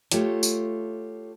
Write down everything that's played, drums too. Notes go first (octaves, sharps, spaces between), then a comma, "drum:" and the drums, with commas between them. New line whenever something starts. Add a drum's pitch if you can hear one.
A3 F4 G4 C#5, drum: hi-hat
drum: tambourine